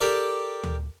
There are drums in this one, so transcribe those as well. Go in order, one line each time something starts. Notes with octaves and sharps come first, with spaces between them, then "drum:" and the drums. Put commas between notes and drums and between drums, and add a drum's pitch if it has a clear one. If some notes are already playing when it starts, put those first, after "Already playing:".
G4 A4 A#4 D5
drum: tom D2